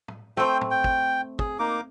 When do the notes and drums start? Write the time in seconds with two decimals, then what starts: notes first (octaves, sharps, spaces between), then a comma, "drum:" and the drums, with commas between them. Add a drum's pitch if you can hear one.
0.08 drum: tom
0.37 A3 C4 C5 G5
0.61 drum: tom
0.71 G5
0.84 drum: kick
1.39 G#4, drum: kick
1.59 A#3 D#4 D6